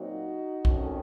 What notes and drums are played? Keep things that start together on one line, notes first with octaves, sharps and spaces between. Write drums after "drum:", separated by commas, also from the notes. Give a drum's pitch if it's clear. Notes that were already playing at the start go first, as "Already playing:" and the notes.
Already playing: A#2 F#3 C4 D#4 F#4
F2 D#3 A3 C#4, drum: kick